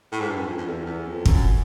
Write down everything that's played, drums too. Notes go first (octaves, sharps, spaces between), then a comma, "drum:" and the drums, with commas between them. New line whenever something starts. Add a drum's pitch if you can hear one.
A2
G#2
G2
F#2
F2
F2
E2
E2
F2
F#2, drum: kick